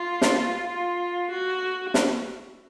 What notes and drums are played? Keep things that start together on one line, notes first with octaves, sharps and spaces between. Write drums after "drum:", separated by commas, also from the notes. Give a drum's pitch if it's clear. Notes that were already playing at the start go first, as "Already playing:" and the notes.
Already playing: F4
drum: snare
F4
F#4
drum: snare